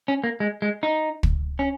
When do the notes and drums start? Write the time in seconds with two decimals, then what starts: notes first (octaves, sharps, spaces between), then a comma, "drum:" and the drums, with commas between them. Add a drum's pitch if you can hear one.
0.08 C#4
0.24 A#3
0.40 G#3
0.62 G#3
0.83 D#4
1.23 drum: kick
1.59 C#4